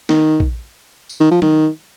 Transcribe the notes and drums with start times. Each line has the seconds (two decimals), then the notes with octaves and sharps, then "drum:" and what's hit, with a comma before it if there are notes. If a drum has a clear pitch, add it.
0.09 D#3, drum: snare
0.40 drum: kick
1.09 drum: tambourine
1.20 D#3
1.31 F3
1.42 D#3, drum: tom